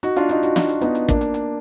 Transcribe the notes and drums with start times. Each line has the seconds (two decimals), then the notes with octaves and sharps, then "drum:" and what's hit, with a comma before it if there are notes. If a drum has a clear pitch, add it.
0.03 D#4 F#4, drum: hi-hat
0.16 D4 F4, drum: hi-hat
0.29 D#4 F#4, drum: hi-hat
0.43 D#4 F#4, drum: hi-hat
0.56 D4 F4, drum: snare
0.69 drum: hi-hat
0.81 B3 D#4, drum: hi-hat
0.95 drum: hi-hat
1.09 A#3 D4, drum: kick, hi-hat
1.21 drum: hi-hat
1.34 drum: hi-hat